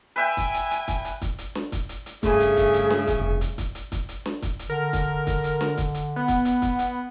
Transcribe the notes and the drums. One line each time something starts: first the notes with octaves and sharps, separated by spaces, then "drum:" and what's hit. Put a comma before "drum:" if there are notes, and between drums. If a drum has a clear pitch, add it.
B4 E5 G5 G#5
drum: kick, hi-hat
drum: hi-hat
drum: hi-hat
drum: kick, hi-hat
drum: hi-hat
drum: kick, hi-hat
drum: hi-hat
drum: snare
drum: kick, hi-hat
drum: hi-hat
drum: hi-hat
G2 C#3 A3 G#4 E5, drum: kick, hi-hat
drum: hi-hat
drum: kick, hi-hat
drum: hi-hat
drum: snare
drum: kick, hi-hat
F1
drum: hi-hat
drum: kick, hi-hat
drum: hi-hat
drum: kick, hi-hat
drum: hi-hat
drum: snare
drum: kick, hi-hat
drum: hi-hat
D3 A#4
drum: kick, hi-hat
drum: kick, hi-hat
drum: hi-hat
drum: snare
drum: kick, hi-hat
drum: hi-hat
B3
drum: kick, hi-hat
drum: hi-hat
drum: kick, hi-hat
drum: hi-hat